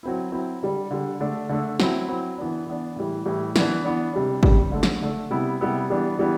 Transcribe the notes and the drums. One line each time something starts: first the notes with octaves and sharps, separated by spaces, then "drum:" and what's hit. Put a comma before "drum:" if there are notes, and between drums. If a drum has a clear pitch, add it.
F#3 C4 E4
F#3 C4 E4
D3 G3 D4
D3 G3 D4
D3 A3 D4
D3 A3 D4
F#3 C4 E4, drum: snare
F#3 C4 E4
E3 B3 D4
E3 B3 D4
A2 E3 G3
A2 E3 G3
E3 B3 D4, drum: snare
E3 B3 D4
C3 G3 D4
C3 G3 D4, drum: kick
D3 A3 D4
drum: snare
D3 A3 D4
C3 G3 B3 E4
C3 G3 B3 E4
E3 G3 B3 D4
E3 G3 B3 D4